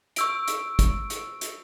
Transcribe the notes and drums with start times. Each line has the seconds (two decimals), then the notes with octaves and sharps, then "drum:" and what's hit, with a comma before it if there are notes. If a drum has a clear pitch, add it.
0.16 C#6 E6 D7, drum: hi-hat
0.48 drum: hi-hat
0.79 drum: kick, hi-hat
1.10 drum: hi-hat
1.41 drum: hi-hat